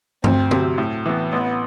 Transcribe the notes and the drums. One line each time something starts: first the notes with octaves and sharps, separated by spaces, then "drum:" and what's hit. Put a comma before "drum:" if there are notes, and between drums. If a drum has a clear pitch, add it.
D2 C4, drum: tom G2
C3 F#3, drum: tom
A2
E3 B3
A1 B3